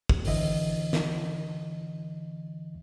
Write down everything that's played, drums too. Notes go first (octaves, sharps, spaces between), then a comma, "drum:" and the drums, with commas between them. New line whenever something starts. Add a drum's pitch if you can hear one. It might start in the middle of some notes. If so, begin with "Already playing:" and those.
drum: kick
G#1 D3 E3 D#5 E5, drum: open hi-hat
drum: snare